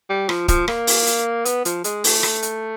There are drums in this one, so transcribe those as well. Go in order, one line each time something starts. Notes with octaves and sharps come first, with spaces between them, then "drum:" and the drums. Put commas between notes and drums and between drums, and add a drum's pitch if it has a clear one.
G3
F3, drum: rim click
F3, drum: kick, hi-hat
A#3, drum: rim click
drum: open hi-hat
drum: hi-hat
B3, drum: hi-hat
F3, drum: hi-hat
G#3, drum: hi-hat
A3, drum: open hi-hat
drum: rim click
drum: hi-hat